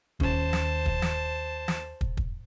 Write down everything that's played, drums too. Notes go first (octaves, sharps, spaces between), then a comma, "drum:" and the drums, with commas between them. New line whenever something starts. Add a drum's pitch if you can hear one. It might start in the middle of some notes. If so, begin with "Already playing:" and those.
D#2 C#4 C5 A5, drum: kick
drum: snare
drum: kick
drum: snare
drum: snare
drum: kick
drum: kick